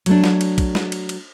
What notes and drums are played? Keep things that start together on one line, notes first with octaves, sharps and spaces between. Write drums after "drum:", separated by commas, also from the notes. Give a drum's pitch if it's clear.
F#3 A3 D4, drum: cymbal
drum: snare
drum: cymbal
drum: kick, cymbal
drum: snare
drum: cymbal
drum: cymbal